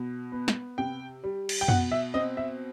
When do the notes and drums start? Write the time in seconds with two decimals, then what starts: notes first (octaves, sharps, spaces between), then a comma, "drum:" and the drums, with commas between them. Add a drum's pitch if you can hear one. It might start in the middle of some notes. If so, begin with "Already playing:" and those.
Already playing: B2
0.32 B3
0.48 drum: snare
0.78 C3 G5
1.24 G3
1.49 drum: cymbal
1.61 G5
1.68 B2 F#5, drum: tom
1.92 E5
2.14 C4 D#5
2.37 E5